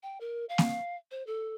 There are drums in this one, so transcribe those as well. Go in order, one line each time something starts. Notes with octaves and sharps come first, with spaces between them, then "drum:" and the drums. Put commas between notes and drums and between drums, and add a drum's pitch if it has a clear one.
G5
A#4
F5
drum: snare A#3
C5
A4